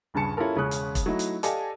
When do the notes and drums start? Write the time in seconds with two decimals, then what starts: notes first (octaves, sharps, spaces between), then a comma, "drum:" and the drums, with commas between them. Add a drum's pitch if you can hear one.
0.14 D#1 G2 C#3 G#5 A5 C#7
0.37 C#4 E4 F4 G4 A4 A#4
0.56 E1 C#3 C#4 D#6 F#6
0.71 drum: hi-hat
0.95 drum: kick E1, hi-hat
1.06 F#3 A3 D#4 E4
1.19 drum: hi-hat
1.43 G4 A4 D5 D#5 F5 G#5, drum: hi-hat